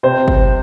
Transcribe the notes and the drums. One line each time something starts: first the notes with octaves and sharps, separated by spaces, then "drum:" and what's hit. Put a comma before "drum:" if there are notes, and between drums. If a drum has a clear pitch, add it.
C3 C5
drum: kick